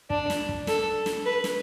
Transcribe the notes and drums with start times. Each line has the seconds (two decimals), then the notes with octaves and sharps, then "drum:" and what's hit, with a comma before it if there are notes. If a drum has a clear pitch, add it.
0.10 D4, drum: kick
0.30 drum: snare
0.49 drum: kick
0.67 A4, drum: snare
1.06 drum: snare
1.25 B4
1.44 drum: snare